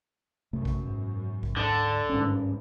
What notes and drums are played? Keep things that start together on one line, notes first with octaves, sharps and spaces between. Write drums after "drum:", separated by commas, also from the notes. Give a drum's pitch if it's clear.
F#2 C3 A3
drum: kick A1
G#2 B2
drum: kick A1
D2 G#2 D3
G#1 G2 C#4